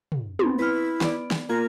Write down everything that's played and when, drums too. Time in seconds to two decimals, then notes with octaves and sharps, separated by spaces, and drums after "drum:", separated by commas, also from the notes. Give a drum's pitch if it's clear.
0.12 drum: tom
0.39 B3 C4, drum: tom
0.59 E4 B4 F6
1.01 B3 D5, drum: snare
1.31 drum: snare
1.49 A#3 F4 A#4 G#6